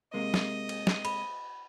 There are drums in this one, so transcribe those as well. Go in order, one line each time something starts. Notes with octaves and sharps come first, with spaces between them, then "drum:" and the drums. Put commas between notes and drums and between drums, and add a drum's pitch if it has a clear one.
C3 G#3 A#3 D#5
drum: snare
drum: cymbal
drum: snare
B5, drum: cymbal